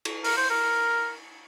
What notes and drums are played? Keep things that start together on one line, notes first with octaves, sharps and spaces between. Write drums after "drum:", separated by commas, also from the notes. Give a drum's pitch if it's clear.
drum: cymbal
A#4, drum: open hi-hat
C5
A#4